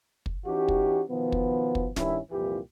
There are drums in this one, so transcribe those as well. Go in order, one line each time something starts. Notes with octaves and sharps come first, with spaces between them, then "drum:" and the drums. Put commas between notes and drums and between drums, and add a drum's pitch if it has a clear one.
drum: kick
E3 C#4 D#4 F#4 G4
drum: kick
B2 D#3 F3 B3
drum: kick
drum: kick
G2 D#3 C#4 E4, drum: snare
C2 F2 A#2 E3 F4 G4